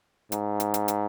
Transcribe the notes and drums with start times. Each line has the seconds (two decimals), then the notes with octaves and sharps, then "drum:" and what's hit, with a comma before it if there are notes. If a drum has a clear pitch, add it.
0.32 G#2, drum: hi-hat
0.60 drum: hi-hat
0.74 drum: hi-hat
0.88 drum: hi-hat